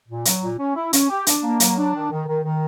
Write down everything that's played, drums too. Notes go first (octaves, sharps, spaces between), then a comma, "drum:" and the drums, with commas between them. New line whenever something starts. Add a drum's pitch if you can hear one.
A#2
F#3, drum: hi-hat
A#2
C#4
E4
C#4, drum: hi-hat
G4
D4, drum: hi-hat
A#3
F#3, drum: hi-hat
D4
D#3
D#3
D#3
D#3